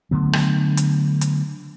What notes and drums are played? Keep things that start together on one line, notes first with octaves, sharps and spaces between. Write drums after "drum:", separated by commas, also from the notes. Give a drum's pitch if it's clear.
D3 F#3 A3 B3
drum: rim click
drum: hi-hat
drum: hi-hat